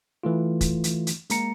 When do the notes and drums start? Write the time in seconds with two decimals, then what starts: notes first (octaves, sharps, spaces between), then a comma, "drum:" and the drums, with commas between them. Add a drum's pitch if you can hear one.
0.23 E3 A3 F4
0.61 drum: kick, hi-hat
0.84 drum: hi-hat
1.07 drum: hi-hat
1.30 G#3 A#3 A#5 C#7, drum: hi-hat